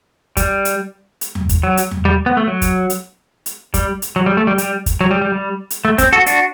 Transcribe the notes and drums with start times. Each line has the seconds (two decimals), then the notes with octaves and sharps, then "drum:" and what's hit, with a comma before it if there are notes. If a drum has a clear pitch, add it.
0.37 G3, drum: kick, hi-hat
0.65 drum: hi-hat
1.21 drum: hi-hat
1.35 drum: tom E2
1.49 drum: kick, hi-hat
1.63 F#3
1.77 drum: hi-hat
1.91 drum: tom E2
2.05 G3
2.26 B3
2.37 A3
2.47 F#3
2.62 drum: kick, hi-hat
2.90 drum: hi-hat
3.46 drum: hi-hat
3.74 G3, drum: kick, hi-hat
4.02 drum: hi-hat
4.16 F#3
4.26 G3
4.37 A3
4.47 G3
4.58 G3, drum: hi-hat
4.86 drum: kick, hi-hat
5.01 F#3
5.11 G3
5.21 G3
5.32 G3
5.70 drum: hi-hat
5.85 A3
5.98 C4, drum: kick, hi-hat
6.13 F#4 A4
6.26 D4 F#4, drum: hi-hat